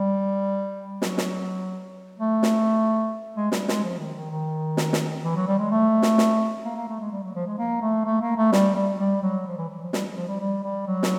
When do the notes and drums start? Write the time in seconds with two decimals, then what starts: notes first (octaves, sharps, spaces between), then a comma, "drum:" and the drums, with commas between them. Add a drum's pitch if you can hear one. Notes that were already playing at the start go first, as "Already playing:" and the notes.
Already playing: G3
1.02 F#3, drum: snare
1.18 drum: snare
2.19 A3
2.43 drum: snare
3.37 G#3
3.52 G3, drum: snare
3.68 G#3, drum: snare
3.84 F3
3.99 D#3
4.14 D#3
4.30 D#3
4.77 drum: snare
4.93 drum: snare
5.24 E3
5.36 F#3
5.48 G3
5.59 G#3
5.71 A3
6.02 drum: snare
6.18 drum: snare
6.65 A#3
6.76 A#3
6.88 A3
7.00 G#3
7.12 G3
7.24 F#3
7.35 F3
7.46 G#3
7.58 A#3
7.82 A3
8.05 A3
8.21 A#3
8.37 A3
8.52 G3, drum: snare
8.76 G3
8.99 G3
9.23 F#3
9.47 F3
9.58 E3
9.69 E3
9.82 F3
9.93 G3, drum: snare
10.17 F3
10.28 G3
10.40 G3
10.63 G3
10.87 F#3
11.03 drum: snare